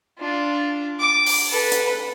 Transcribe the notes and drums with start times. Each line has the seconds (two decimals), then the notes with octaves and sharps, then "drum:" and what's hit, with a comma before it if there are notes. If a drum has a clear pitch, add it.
0.19 D4 F4
0.99 D6
1.26 drum: open hi-hat
1.49 A4 B4
1.72 drum: hi-hat